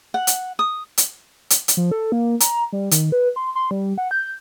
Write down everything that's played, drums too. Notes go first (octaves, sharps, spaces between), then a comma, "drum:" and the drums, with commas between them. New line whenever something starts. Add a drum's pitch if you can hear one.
F#5
drum: hi-hat
D#6
drum: hi-hat
drum: hi-hat
drum: hi-hat
F3
A4
A#3
A#5, drum: hi-hat
G3
D#3, drum: hi-hat
B4
C6
C6
G3
F#5
G6